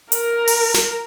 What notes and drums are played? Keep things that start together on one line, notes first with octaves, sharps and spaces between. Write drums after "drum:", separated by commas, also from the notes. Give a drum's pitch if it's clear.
A#4, drum: hi-hat
drum: open hi-hat
drum: snare